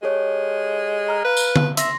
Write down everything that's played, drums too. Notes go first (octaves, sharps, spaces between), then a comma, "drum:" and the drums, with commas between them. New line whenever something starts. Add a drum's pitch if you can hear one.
G#3 G4 A4 C#5
A#5 F6
B4 F5
drum: tambourine
drum: tom D3
E5 C6 A#6, drum: hi-hat